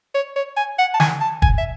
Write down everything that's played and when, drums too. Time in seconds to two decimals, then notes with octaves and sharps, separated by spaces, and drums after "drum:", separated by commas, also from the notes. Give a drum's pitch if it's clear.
0.15 C#5
0.36 C#5
0.57 G#5
0.79 F#5
0.94 A5
1.00 G#5, drum: snare
1.21 A5
1.42 G#5, drum: kick
1.58 E5